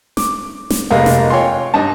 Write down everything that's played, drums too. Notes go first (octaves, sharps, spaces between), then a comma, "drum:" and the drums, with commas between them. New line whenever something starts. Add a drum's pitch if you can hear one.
D6, drum: snare
drum: snare
F1 G3 G#3 A#3 F5
drum: snare
F4 C#5 G5 G#5 C6
G2 D#4 A5